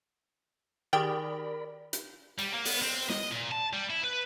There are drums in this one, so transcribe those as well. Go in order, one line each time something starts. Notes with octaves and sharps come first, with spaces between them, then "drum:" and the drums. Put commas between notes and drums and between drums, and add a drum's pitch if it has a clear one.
D#3 G4 G#4 A#4 D5 G5 B5
drum: hi-hat
G3, drum: cymbal
A#3
B3, drum: open hi-hat
C4
D#5, drum: snare
A#2
A5
G3
E4
B4